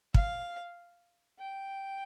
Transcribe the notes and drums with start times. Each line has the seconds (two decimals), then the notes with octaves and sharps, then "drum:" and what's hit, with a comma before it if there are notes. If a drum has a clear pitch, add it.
0.14 F5, drum: kick
1.39 G5